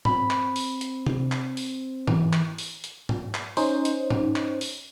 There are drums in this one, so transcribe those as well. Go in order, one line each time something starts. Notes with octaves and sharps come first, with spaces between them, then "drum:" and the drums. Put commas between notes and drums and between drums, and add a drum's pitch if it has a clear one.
C4 B5, drum: tom G#2
drum: clap
drum: open hi-hat
drum: hi-hat
drum: tom C3
drum: clap
drum: open hi-hat
E3, drum: tom G#2
drum: clap
drum: open hi-hat
drum: hi-hat
drum: tom G#2
drum: clap
C#4 D#4 C5, drum: open hi-hat
drum: hi-hat
drum: tom G#2
drum: clap
drum: open hi-hat